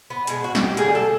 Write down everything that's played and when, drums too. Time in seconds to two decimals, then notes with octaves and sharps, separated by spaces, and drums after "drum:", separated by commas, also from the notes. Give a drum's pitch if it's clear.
0.10 B3
0.27 B2 G#3, drum: hi-hat
0.44 F#4
0.55 F#4, drum: snare
0.61 G4
0.77 D3 G3 A#3 G#4, drum: hi-hat
0.95 A4